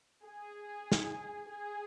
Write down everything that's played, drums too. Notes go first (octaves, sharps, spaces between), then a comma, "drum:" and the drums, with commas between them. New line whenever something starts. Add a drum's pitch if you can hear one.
G#4
drum: snare
G#4